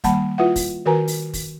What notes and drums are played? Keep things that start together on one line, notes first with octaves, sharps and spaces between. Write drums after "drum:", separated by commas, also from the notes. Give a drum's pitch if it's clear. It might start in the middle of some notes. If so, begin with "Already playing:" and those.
D#3 G3 A#3 F#5 A5 B5, drum: kick, hi-hat
E4 F4 B4 E5 F#5
drum: kick, open hi-hat
D#3 F#4 A#4 B4 G#5 A#5
drum: open hi-hat
drum: kick, open hi-hat